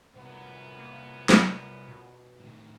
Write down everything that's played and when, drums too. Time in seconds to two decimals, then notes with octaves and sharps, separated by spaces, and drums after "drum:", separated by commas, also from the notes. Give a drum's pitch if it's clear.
0.15 C2 F#2 A#2 B3 F#4
0.79 A#3
1.29 G3, drum: snare
1.88 B2
2.39 A2 D#3